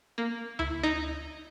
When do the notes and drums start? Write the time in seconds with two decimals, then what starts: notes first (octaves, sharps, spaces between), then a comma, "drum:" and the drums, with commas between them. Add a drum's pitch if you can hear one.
0.18 A#3
0.59 E4, drum: tom D2
0.83 D#4